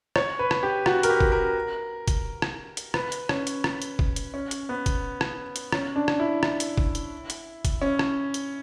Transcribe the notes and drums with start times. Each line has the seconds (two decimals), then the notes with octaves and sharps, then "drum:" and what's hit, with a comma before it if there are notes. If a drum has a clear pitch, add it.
0.16 C#5, drum: rim click
0.39 B4
0.51 drum: rim click
0.63 G4
0.86 F#4, drum: rim click
1.03 A#4, drum: hi-hat
1.09 G4
1.20 drum: kick
1.32 A#4
2.08 drum: kick, hi-hat
2.42 drum: rim click
2.77 drum: hi-hat
2.94 B4, drum: rim click
3.12 drum: hi-hat
3.29 C#4, drum: rim click
3.47 drum: hi-hat
3.64 drum: rim click
3.82 drum: hi-hat
3.99 drum: kick
4.16 drum: hi-hat
4.34 C#4
4.51 drum: hi-hat
4.69 B3
4.86 drum: kick, hi-hat
5.21 drum: rim click
5.56 drum: hi-hat
5.72 C#4, drum: rim click
5.96 D4
6.08 drum: rim click
6.20 E4
6.43 drum: rim click
6.60 drum: hi-hat
6.78 drum: kick
6.95 drum: hi-hat
7.30 drum: hi-hat
7.65 drum: kick, hi-hat
7.81 C#4
7.99 drum: rim click
8.34 drum: hi-hat